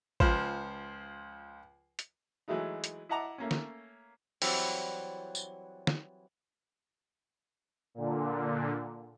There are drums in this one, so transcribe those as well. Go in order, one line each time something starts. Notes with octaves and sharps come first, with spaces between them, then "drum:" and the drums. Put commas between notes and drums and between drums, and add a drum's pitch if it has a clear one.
C#2 F3 C5, drum: kick
drum: hi-hat
E3 F#3 G#3 A3 D#4
drum: hi-hat
E4 D#5 F#5 A5 A#5 D6
A3 A#3 C#4
drum: snare
E3 F#3 G3 C4, drum: open hi-hat
drum: tambourine
drum: snare
A#2 D3